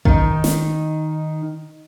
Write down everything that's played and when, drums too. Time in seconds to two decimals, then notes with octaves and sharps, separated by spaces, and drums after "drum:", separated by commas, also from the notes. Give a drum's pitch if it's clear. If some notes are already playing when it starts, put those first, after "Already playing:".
0.05 D#3 D#4, drum: kick A1
0.44 drum: snare